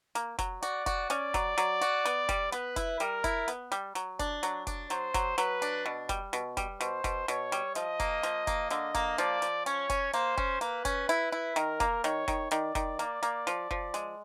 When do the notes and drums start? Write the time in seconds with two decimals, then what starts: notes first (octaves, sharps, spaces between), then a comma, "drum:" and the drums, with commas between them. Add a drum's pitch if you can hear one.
0.15 A#3, drum: hi-hat
0.39 F#3, drum: kick F1, hi-hat
0.62 F#4 D5, drum: hi-hat
0.86 F#4, drum: kick F1, hi-hat
1.10 C#4 D5, drum: hi-hat
1.34 F#3, drum: kick F1, hi-hat
1.58 F#3, drum: hi-hat
1.81 F#4, drum: hi-hat
2.05 B3, drum: hi-hat
2.29 G3, drum: kick F1, hi-hat
2.52 B3 B4, drum: hi-hat
2.76 E4, drum: kick F1, hi-hat
3.00 G3 A#4, drum: hi-hat
3.24 E4, drum: kick F1, hi-hat
3.48 B3, drum: hi-hat
3.72 G3, drum: hi-hat
3.95 F#3, drum: hi-hat
4.19 D4, drum: kick F1, hi-hat
4.43 F#3, drum: hi-hat
4.67 D4, drum: kick F1, hi-hat
4.90 F#3 C5, drum: hi-hat
5.14 F#3, drum: kick F1, hi-hat
5.38 F#3 B4, drum: hi-hat
5.62 D4, drum: hi-hat
5.86 B2
6.09 G3, drum: kick F1, hi-hat
6.33 B2, drum: hi-hat
6.57 G3, drum: kick F1, hi-hat
6.81 B2 C5, drum: hi-hat
7.04 B2, drum: kick F1, hi-hat
7.28 B2 C#5, drum: hi-hat
7.52 G3, drum: hi-hat
7.75 F3 D#5, drum: hi-hat
8.00 A#3, drum: kick F1, hi-hat
8.23 F3, drum: hi-hat
8.47 A#3, drum: kick F1, hi-hat
8.70 D3 D#5, drum: hi-hat
8.95 A#3, drum: kick F1, hi-hat
9.18 F3 D5, drum: hi-hat
9.42 F3, drum: hi-hat
9.66 C#4 C#5, drum: hi-hat
9.90 C#4, drum: kick F1, hi-hat
10.13 A#3 C5, drum: hi-hat
10.37 C#4, drum: kick F1
10.61 A#3 B4, drum: hi-hat
10.85 C#4, drum: kick F1, hi-hat
11.09 E4, drum: hi-hat
11.32 E4
11.56 D#3 A#4, drum: hi-hat
11.80 A#3, drum: kick F1, hi-hat
12.04 D#3 C#5, drum: hi-hat
12.28 D#3, drum: kick F1, hi-hat
12.51 D#3 D5, drum: hi-hat
12.75 D#3, drum: kick F1, hi-hat
12.99 A#3 D5, drum: hi-hat
13.23 A#3, drum: hi-hat
13.47 F3, drum: hi-hat
13.71 F3, drum: kick F1
13.94 G#3, drum: hi-hat